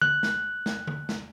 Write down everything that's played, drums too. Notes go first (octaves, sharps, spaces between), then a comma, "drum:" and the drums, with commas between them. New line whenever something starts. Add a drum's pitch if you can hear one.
F#6, drum: tom D3
drum: snare
drum: snare
drum: tom D3
drum: snare